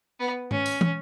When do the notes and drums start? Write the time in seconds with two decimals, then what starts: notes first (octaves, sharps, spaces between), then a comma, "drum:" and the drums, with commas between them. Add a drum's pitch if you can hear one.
0.20 B3
0.51 C#4, drum: tom G#2
0.66 drum: tambourine
0.81 drum: tom